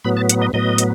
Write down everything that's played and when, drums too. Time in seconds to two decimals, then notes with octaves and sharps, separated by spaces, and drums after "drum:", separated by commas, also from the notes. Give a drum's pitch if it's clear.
0.04 A2 F#3 B3 B5
0.17 A5
0.29 F#5, drum: hi-hat
0.42 D#5
0.53 A2 F#3 B3 D#5
0.78 drum: hi-hat